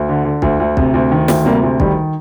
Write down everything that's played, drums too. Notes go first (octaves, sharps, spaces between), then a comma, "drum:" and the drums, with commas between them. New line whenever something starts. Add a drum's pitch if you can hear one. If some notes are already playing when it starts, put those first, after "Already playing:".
Already playing: D2
D3
D3
D2, drum: kick
D2
C3, drum: kick
D2
D#3
D2, drum: snare
C3 G3 A#3
D2
D#3 G3, drum: kick